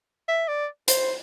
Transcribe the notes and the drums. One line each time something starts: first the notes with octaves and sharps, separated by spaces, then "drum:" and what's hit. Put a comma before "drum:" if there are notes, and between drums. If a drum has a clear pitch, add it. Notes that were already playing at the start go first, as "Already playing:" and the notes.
E5
D5
C5, drum: hi-hat